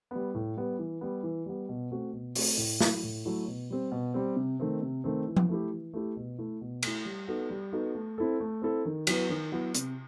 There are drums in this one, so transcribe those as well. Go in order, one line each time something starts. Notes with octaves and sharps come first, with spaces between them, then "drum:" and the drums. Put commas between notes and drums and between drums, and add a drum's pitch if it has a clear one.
G3 B3
A2
G3 B3
E3
G3 B3
E3
G3 B3
B2
A3 C4 F#4
B2
A3 C4 F#4, drum: open hi-hat
A2
F#3 A3 E4, drum: snare
A2
F#3 A3 E4
B2
G3 C4
B2
G3 C4
C3
D#3 A3 C4
C3
D#3 A3 C4
E3
drum: tom F3
A3 E4 G4
E3
A3 E4 G4
B2
A3 E4
B2
A3 E4, drum: cymbal
G3
B3 D#4 F#4 A4
G3
B3 D#4 F#4 A4
A3
C4 E4 A4
A3
C4 E4 A4
D#3
F#3 B3 E4 B4, drum: cymbal
D#3
F#3 B3 E4 B4
C3, drum: hi-hat